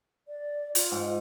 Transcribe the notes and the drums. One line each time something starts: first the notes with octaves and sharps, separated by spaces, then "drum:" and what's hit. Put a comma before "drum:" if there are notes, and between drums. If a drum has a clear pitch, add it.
D5
F4, drum: hi-hat
G#2